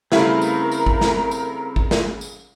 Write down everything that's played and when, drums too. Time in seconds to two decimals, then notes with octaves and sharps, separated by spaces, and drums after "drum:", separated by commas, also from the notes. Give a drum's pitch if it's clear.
0.12 C#3 G3 A3 C4 E4 A#4 B4 F5, drum: snare
0.42 drum: tambourine
0.71 drum: tambourine
0.86 drum: kick G#1
1.01 drum: snare
1.31 drum: tambourine
1.76 drum: kick G#1
1.91 drum: snare
2.21 drum: tambourine